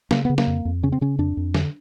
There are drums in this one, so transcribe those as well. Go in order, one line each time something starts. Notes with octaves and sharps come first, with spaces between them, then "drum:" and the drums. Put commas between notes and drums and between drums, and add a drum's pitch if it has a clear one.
C#3 A#3, drum: snare
C#3 B3
A#3, drum: snare
F2
F2
C#3 C#4
C4
C#3 C#4
F2 D4
F2
D3, drum: snare